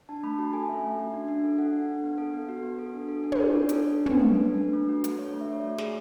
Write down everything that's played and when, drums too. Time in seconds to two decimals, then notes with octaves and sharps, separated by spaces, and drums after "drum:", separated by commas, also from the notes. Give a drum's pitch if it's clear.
0.09 D4 A5
0.23 A3 B5
0.38 F#4 A5
0.53 A4 G#5
0.69 C#4 E5
0.83 A3
0.99 F#4
1.14 D4
1.28 D4
1.44 A4
1.58 A4 F#5
1.73 D4
1.89 D4
2.04 B3
2.18 A4
2.34 B3
2.49 F#4
2.63 B3
2.79 A4
2.94 D4
3.08 A4
3.24 D4
3.32 C#5, drum: tom
3.38 F#4 D5
3.53 D4 C#5
3.69 A4 C#5, drum: hi-hat
3.84 D4
3.99 D4
4.06 B4, drum: tom
4.13 A4
4.28 A4
4.43 D4
4.58 D4
4.73 A3
4.88 F#4
5.04 A4, drum: hi-hat
5.19 D4 C#5
5.33 A3
5.41 E5
5.48 F#4 C#5
5.59 D5
5.64 A3 C#5
5.78 G#4, drum: snare